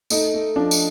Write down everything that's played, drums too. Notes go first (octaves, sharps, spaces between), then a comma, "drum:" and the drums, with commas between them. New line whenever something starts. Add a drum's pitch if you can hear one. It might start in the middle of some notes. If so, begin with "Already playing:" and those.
A3 D#4, drum: tambourine
A3
F3 D4
drum: tambourine